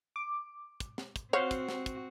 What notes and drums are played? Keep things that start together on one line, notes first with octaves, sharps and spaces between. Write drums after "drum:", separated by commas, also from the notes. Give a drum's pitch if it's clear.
D6
drum: kick, hi-hat
drum: snare
drum: kick, hi-hat
C4 F#4 C5 C#5 F5 F#5
drum: kick, hi-hat
drum: snare
drum: kick, hi-hat